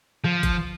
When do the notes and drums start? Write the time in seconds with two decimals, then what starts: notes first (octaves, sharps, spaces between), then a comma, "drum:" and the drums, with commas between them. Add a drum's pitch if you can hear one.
0.24 F3, drum: rim click
0.43 drum: kick G1, hi-hat